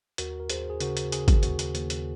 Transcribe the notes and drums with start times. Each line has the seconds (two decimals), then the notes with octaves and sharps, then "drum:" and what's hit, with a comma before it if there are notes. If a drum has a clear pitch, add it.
0.18 D#2 F#4 A#4, drum: hi-hat
0.40 A#4
0.50 D#2 G#4 C5, drum: hi-hat
0.70 G#4
0.80 C#3 F#4 A#4, drum: hi-hat
0.97 drum: hi-hat
1.12 C#3 G#4, drum: hi-hat
1.28 drum: kick G#1, hi-hat
1.43 D#2 F#4, drum: hi-hat
1.59 drum: hi-hat
1.75 D#2, drum: hi-hat
1.90 drum: hi-hat